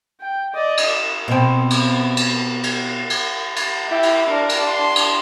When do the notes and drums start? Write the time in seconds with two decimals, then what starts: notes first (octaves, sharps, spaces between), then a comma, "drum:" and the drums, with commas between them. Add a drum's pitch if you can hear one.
0.21 G5
0.54 D5 D#5
0.77 drum: cymbal
1.28 B2 C4
1.70 drum: cymbal
2.17 drum: cymbal
2.63 drum: cymbal
3.10 drum: cymbal
3.56 drum: cymbal
3.89 E4 G4
4.03 drum: cymbal
4.29 D4 A#4
4.49 drum: cymbal
4.67 C6
4.96 drum: cymbal